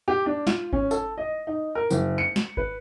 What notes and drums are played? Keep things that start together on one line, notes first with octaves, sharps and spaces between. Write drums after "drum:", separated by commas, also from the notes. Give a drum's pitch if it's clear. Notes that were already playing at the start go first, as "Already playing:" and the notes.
G4
D4
F4, drum: snare
C#4, drum: kick G#1
A4, drum: tambourine
D#5
D#4
A#4
F#1, drum: tambourine
C#7
drum: snare
B4, drum: kick G#1